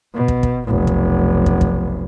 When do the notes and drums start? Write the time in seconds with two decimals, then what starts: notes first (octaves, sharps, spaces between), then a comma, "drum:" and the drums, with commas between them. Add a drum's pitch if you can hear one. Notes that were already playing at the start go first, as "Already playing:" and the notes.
0.14 B2
0.28 drum: kick
0.43 drum: kick
0.67 F1 B1
0.87 drum: kick
1.46 drum: kick
1.61 drum: kick